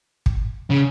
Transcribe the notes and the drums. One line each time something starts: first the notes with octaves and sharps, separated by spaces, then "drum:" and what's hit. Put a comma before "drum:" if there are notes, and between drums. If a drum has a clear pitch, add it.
drum: kick
C#3